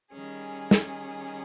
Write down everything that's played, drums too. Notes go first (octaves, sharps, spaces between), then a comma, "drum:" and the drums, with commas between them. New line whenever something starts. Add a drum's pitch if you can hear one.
D#3 G3 C#4 G#4
drum: snare